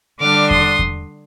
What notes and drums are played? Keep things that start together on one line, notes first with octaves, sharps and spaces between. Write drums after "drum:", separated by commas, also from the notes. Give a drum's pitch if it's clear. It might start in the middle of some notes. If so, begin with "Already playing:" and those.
D3 G3 D4 D6 F6
C6 D#6, drum: kick E2
drum: kick E2